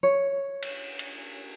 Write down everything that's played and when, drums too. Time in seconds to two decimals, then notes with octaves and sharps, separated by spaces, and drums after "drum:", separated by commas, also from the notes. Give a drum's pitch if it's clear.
0.03 C#5
0.62 drum: cymbal
0.99 drum: cymbal